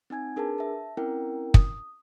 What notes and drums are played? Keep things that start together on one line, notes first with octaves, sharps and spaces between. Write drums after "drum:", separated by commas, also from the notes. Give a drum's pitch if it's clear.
C4 D#4 G#5 G#6
D4 G#4 A#4 B4 A5
E5 A5
C4 C#4 E4 A#4 G5
D#6, drum: kick